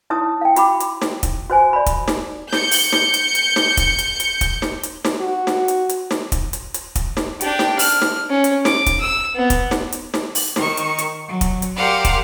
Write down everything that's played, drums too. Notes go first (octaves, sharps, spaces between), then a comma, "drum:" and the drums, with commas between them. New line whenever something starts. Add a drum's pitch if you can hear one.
D#4 E4 C#5 D#6
F5 G5
F#4 B5 D6, drum: hi-hat
drum: hi-hat
drum: snare
drum: kick, hi-hat
F#4 C5 G#5
D5 B5
drum: kick, hi-hat
drum: snare
G6 C#7, drum: snare
drum: open hi-hat
drum: snare
drum: hi-hat
drum: hi-hat
drum: snare
drum: kick, hi-hat
drum: hi-hat
drum: hi-hat
drum: kick, hi-hat
drum: snare
drum: hi-hat
drum: snare
F#4
drum: snare
drum: hi-hat
drum: hi-hat
drum: snare
drum: kick, hi-hat
drum: hi-hat
drum: hi-hat
drum: kick, hi-hat
drum: snare
D4 G4, drum: hi-hat
drum: snare
F6, drum: open hi-hat
drum: snare
C#4
drum: hi-hat
D6, drum: snare
drum: kick, hi-hat
E6
B3
drum: kick, hi-hat
drum: snare
drum: hi-hat
drum: snare
drum: open hi-hat
D#3 C#6, drum: snare
drum: hi-hat
drum: hi-hat
F#3
drum: kick, hi-hat
drum: hi-hat
G4 A#4 C5 D5 F5 F#5
drum: kick, hi-hat